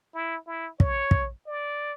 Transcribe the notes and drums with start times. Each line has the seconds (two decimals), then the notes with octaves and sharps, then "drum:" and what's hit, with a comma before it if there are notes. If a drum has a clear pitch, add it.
0.14 E4
0.47 E4
0.80 C#5, drum: kick
1.11 drum: kick
1.47 D5